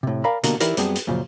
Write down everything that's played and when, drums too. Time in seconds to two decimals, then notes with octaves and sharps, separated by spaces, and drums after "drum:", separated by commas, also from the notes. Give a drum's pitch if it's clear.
0.03 A2 C3
0.24 A#4 D5 F5 G#5 A#5 B5
0.43 B2 D3 A#3 G4 A#4, drum: hi-hat
0.60 E3 D#4 E4 G4 A#4 D5, drum: hi-hat
0.77 F#2 G3 B3 C4 G#4 A5, drum: hi-hat
0.95 drum: hi-hat
1.07 F#2 A#2 C#3 F3